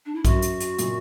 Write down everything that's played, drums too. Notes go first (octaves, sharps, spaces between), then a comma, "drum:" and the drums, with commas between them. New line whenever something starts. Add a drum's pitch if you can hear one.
D4
E4
F#2 F#4, drum: kick, hi-hat
drum: hi-hat
drum: hi-hat
A#2, drum: hi-hat